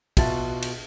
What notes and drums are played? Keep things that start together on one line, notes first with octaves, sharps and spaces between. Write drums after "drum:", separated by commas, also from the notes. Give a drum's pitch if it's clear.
B2 F4 F#4 E5 A5 A6, drum: kick, cymbal
drum: cymbal